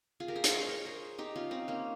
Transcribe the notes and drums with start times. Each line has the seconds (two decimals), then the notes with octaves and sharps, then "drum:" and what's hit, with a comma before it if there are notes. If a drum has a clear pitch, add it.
0.20 F4 G#4
0.28 G4 A#4
0.36 G#4 C5
0.44 A#4 C#5, drum: hi-hat
0.52 C5 D#5
0.69 A#4 C#5
0.85 G#4 C5
1.18 D#4 G4
1.36 C#4 F4
1.51 C4 D#4
1.68 A#3 C#4